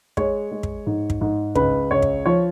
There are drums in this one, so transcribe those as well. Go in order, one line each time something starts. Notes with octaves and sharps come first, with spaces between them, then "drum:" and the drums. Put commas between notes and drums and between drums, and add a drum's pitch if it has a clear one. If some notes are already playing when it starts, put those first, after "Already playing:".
G#3 C#5, drum: kick
G#3
drum: kick
G#2
drum: kick
G#2
C#2 B4, drum: kick
C#2 C#5
drum: kick
F3 C#5